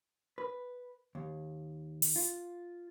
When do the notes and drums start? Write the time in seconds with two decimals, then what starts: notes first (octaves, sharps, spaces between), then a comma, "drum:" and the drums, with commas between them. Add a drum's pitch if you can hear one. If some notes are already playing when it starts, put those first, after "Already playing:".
0.38 B4
1.15 D#2
2.02 drum: open hi-hat
2.16 F4